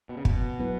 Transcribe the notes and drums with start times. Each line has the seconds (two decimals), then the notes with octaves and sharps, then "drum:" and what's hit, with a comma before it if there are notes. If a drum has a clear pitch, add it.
0.09 B2
0.17 C#3
0.25 B2, drum: kick
0.59 F#3 B3 E4 B4